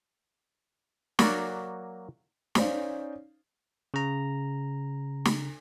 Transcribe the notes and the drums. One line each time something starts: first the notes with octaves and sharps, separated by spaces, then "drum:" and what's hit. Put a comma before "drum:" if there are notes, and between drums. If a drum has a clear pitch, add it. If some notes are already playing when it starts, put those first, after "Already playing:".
F#3 A#3 F#4 D5, drum: snare
C#4 D#4 C5 D5 F5, drum: snare
C#3 A#5
drum: snare